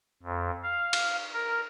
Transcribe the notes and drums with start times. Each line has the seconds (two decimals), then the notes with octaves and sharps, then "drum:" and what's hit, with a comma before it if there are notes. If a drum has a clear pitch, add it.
0.23 F2
0.63 F5
0.93 drum: cymbal
1.33 A#4